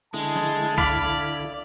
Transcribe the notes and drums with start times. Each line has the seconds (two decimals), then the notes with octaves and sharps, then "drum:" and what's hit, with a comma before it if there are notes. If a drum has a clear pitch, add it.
0.14 D3 G#3 E4 A5
0.36 drum: snare
0.78 D5 F5 B5, drum: kick C2